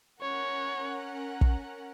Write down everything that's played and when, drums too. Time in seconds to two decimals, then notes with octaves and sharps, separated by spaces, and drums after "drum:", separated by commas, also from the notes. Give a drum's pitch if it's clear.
0.21 C#4 A#4 C#5 F#5
1.41 drum: kick